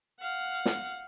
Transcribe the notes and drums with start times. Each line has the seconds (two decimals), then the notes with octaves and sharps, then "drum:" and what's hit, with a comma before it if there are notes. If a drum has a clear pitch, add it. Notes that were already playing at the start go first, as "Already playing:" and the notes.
0.20 F5 F#5
0.65 drum: snare